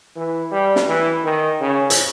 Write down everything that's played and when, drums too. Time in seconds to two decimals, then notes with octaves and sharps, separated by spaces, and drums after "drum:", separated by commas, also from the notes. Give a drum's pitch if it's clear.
0.16 E3
0.52 G3
0.76 drum: snare
0.88 E3
1.24 D#3
1.61 C#3
1.90 drum: hi-hat